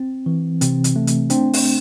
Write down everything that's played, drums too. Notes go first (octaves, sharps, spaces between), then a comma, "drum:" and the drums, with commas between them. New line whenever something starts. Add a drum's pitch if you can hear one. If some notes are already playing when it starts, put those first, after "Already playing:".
Already playing: C4
E3
C3 C4, drum: hi-hat
drum: hi-hat
A3
drum: hi-hat
C4 D4, drum: hi-hat
drum: open hi-hat